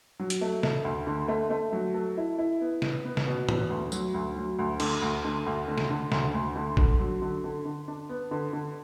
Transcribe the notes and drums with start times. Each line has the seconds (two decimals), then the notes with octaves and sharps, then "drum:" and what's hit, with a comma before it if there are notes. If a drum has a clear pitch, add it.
0.19 F#3
0.30 drum: hi-hat
0.41 A3
0.63 A3, drum: snare
0.85 D2
1.07 D3
1.28 A3
1.50 A3
1.73 F#3
1.94 A4
2.17 E4
2.38 E4
2.61 B3
2.82 B3, drum: snare
3.05 B3
3.17 drum: snare
3.26 B2
3.49 B3, drum: tom
3.70 D2
3.92 F#3, drum: tambourine
4.14 D2
4.36 F#3
4.59 D2
4.80 D3, drum: cymbal
5.02 D2
5.25 D3
5.46 D2
5.68 D3
5.78 drum: snare
5.90 D3
6.12 D2, drum: snare
6.34 D2
6.56 D3
6.77 D3, drum: kick A#1
6.99 F#3
7.22 D3
7.44 D3
7.65 D3
7.88 D4
8.09 B3
8.31 D3
8.53 D3